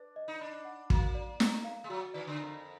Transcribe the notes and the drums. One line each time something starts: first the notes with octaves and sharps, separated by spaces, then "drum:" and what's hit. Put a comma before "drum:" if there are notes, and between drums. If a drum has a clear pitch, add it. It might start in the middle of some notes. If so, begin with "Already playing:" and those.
Already playing: D4 B4
D#5
D#4
D4 B5
F#5
A#3 F#4, drum: kick
D5
A#5, drum: snare
F5
G#3
F#3 F#4
D#3 D5
D3
F2 A#5